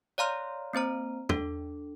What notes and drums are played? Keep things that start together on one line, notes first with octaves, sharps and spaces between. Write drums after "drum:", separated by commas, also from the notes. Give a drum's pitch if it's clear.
C#5 D5 F5 A#5 C6 F6
A#3 C4 C5 A#5
D4 A4, drum: tom E2